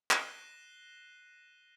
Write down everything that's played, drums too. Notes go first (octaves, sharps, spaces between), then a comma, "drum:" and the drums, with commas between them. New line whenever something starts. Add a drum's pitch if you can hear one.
F#6 A#6 C7 D#7 E7 G7, drum: clap